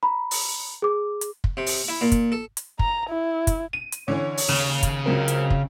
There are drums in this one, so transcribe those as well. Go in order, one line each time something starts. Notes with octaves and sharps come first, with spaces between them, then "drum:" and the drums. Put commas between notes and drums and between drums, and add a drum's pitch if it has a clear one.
A#5 B5
drum: open hi-hat
G#4 D6
drum: hi-hat
drum: kick
C3
drum: open hi-hat
E4
A#2
drum: kick, hi-hat
A4
drum: hi-hat
A#5, drum: kick
E4
drum: kick, hi-hat
D#7
drum: hi-hat
D3 E3 C#4 C#5
drum: open hi-hat
D#2 C#3
drum: kick, hi-hat
C#2 F#3 C4 A#4
drum: hi-hat
drum: kick